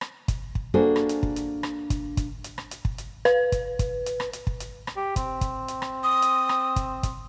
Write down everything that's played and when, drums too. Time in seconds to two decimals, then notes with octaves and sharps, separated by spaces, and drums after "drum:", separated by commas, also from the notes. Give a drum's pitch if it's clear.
0.01 drum: rim click
0.28 drum: kick, hi-hat
0.55 drum: kick
0.74 A#3 D4 F#4 G#4 A4 C5
0.96 drum: rim click
1.09 drum: hi-hat
1.23 drum: kick
1.36 drum: hi-hat
1.63 drum: rim click
1.90 drum: kick, hi-hat
2.17 drum: kick, hi-hat
2.44 drum: hi-hat
2.58 drum: rim click
2.71 drum: hi-hat
2.85 drum: kick
2.98 drum: hi-hat
3.25 B4, drum: rim click
3.52 drum: kick, hi-hat
3.79 drum: kick, hi-hat
4.06 drum: hi-hat
4.20 drum: rim click
4.33 drum: hi-hat
4.47 drum: kick
4.60 drum: hi-hat
4.87 drum: rim click
4.97 G4
5.16 C4, drum: kick, hi-hat
5.41 drum: kick, hi-hat
5.68 drum: hi-hat
5.82 drum: rim click
6.04 D#6
6.22 drum: hi-hat
6.49 drum: rim click
6.76 drum: kick, hi-hat
7.03 drum: kick, hi-hat